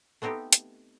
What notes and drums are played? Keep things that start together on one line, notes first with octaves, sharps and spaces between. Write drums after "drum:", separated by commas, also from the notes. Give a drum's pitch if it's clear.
A3 B3 C4 D#4 G4
drum: hi-hat